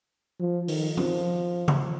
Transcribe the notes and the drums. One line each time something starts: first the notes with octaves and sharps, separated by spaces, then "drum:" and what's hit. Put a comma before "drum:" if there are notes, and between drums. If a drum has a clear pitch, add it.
F3
D#3, drum: open hi-hat
F3, drum: tom F3
drum: tom C#3